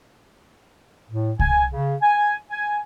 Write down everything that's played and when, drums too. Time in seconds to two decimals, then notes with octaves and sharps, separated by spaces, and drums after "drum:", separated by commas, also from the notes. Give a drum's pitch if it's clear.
1.10 A2
1.39 G#5, drum: kick C2
1.71 C#3
2.02 G#5
2.50 G#5